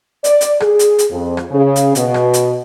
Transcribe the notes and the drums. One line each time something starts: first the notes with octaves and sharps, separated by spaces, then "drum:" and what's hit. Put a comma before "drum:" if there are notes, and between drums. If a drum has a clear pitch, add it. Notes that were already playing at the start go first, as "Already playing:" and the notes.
D5, drum: hi-hat
drum: hi-hat
G#4, drum: rim click
drum: hi-hat
drum: hi-hat
F2
drum: rim click
C#3
drum: hi-hat
B2, drum: hi-hat
drum: rim click
drum: hi-hat